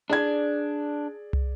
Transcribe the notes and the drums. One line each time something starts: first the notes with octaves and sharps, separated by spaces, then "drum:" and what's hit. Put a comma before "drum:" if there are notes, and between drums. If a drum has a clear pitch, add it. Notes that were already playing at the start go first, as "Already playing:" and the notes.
D4 G#4 D5 G#6
drum: tom